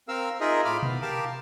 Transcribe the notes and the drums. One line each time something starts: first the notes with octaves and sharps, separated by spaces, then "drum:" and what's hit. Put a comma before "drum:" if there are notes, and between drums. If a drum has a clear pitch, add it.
C4 A#4 F5 E6
D#4 F4 G#4 A#4 D#5 E5
A2 F4 B5 D6 F6
B3, drum: tom B2
G4 A#4 F5 A5 D6